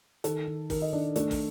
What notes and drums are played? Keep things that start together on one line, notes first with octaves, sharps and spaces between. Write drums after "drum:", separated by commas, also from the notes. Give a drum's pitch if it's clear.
D#3 A4, drum: hi-hat
D#3
D#3 A#4, drum: kick, open hi-hat
D#5
D#3 D4 D5
A3 D4 D5, drum: hi-hat
drum: kick, open hi-hat